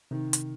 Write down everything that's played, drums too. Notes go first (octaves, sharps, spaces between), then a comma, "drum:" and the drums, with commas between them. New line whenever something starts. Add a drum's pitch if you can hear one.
C3 D#3
drum: hi-hat